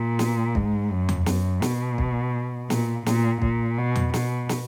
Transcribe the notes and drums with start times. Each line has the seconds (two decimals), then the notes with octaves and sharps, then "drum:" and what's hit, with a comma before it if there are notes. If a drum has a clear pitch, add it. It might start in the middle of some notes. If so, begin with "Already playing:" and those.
Already playing: A#2
0.19 drum: snare
0.55 G#2, drum: kick B1
0.91 F#2
1.09 drum: tom E2
1.26 F#2, drum: snare
1.62 B2, drum: snare
1.98 drum: kick B1
2.70 A#2, drum: snare
3.06 A#2, drum: snare
3.42 A#2, drum: kick B1
3.78 B2
3.95 drum: tom E2
4.14 B2, drum: snare
4.49 drum: snare